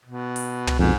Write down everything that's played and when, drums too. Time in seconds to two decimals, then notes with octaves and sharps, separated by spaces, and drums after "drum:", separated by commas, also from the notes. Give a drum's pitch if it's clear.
0.05 B2
0.36 drum: open hi-hat
0.67 drum: tom
0.79 F2 G#2 B2